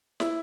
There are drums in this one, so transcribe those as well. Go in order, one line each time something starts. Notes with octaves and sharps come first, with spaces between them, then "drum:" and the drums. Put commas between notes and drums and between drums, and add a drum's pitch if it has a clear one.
E4, drum: snare